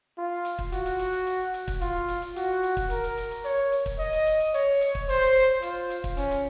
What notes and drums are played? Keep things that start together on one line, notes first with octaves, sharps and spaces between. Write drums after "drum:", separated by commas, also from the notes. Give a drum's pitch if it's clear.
F4
drum: hi-hat
drum: kick
F#4, drum: hi-hat
drum: hi-hat
drum: hi-hat
drum: hi-hat
drum: hi-hat
drum: hi-hat
drum: kick, hi-hat
F4, drum: hi-hat
drum: hi-hat
drum: hi-hat
F#4, drum: hi-hat
drum: hi-hat
drum: kick, hi-hat
A#4, drum: hi-hat
drum: hi-hat
drum: hi-hat
drum: hi-hat
C#5, drum: hi-hat
drum: hi-hat
drum: kick, hi-hat
D#5
drum: hi-hat
drum: hi-hat
drum: hi-hat
C#5, drum: hi-hat
drum: hi-hat
drum: kick
C5, drum: hi-hat
drum: hi-hat
drum: hi-hat
F4, drum: hi-hat
drum: hi-hat
drum: kick, hi-hat
C#4, drum: hi-hat
drum: hi-hat